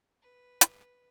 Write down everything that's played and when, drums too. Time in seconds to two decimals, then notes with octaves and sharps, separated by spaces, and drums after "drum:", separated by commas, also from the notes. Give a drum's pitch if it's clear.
0.22 B4
0.61 drum: hi-hat